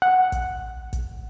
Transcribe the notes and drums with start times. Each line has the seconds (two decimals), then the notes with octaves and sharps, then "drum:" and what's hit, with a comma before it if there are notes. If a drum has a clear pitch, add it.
0.02 F#5
0.32 drum: kick, hi-hat
0.93 drum: kick, hi-hat